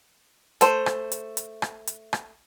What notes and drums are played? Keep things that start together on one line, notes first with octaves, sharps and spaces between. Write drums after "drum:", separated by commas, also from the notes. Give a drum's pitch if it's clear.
A3 C5, drum: hi-hat
drum: rim click
drum: hi-hat
drum: hi-hat
drum: rim click
drum: hi-hat
drum: rim click